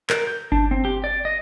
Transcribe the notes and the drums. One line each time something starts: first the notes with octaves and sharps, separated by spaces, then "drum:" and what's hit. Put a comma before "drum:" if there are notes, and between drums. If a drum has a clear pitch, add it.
A#4, drum: clap
G6
D4, drum: kick G1
C4
G4
D5
D#5